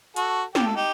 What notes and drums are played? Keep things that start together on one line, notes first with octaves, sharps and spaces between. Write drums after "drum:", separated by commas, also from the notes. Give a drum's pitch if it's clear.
F#4 A4, drum: hi-hat
G4, drum: snare
A4
D#4 G4